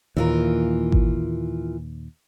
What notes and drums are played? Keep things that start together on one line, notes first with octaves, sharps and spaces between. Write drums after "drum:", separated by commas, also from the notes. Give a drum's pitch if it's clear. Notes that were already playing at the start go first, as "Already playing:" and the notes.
D#2 A#2 E3 F4 A#4
drum: kick G#1